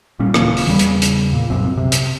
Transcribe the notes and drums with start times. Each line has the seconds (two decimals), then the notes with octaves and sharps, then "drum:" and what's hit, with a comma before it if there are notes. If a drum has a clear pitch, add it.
0.19 A#2 G3 C#4
0.34 D#1 C#3 E3 A#3, drum: rim click
0.57 drum: open hi-hat
0.67 E2 C#3 G3
0.79 drum: hi-hat
1.02 drum: hi-hat
1.33 A#2
1.50 C2 F#2 C4
1.77 C3
1.92 drum: hi-hat